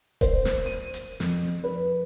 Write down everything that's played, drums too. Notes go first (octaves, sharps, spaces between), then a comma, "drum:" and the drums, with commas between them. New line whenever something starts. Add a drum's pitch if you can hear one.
C5, drum: kick D#1, hi-hat
drum: snare
D#7
drum: hi-hat
F2, drum: snare
B4